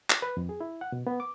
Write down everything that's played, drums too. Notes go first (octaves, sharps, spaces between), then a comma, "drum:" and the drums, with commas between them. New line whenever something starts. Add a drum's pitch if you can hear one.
drum: clap
B4
F2
G#4
E4
F#5
B2
B3
D6